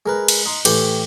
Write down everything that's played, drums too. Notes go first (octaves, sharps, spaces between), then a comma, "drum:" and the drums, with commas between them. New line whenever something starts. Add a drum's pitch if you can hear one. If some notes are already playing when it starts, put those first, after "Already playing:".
G#3 A#4 B4
drum: cymbal
D#4 C6
A2 E3 G4 G5, drum: cymbal